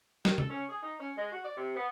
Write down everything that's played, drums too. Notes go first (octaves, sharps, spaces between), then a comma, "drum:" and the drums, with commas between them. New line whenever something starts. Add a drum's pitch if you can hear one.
D#3, drum: snare
A4, drum: tom C3
C#4
G#4
D#4
C#4
G#3
F#4
D5
C3
B3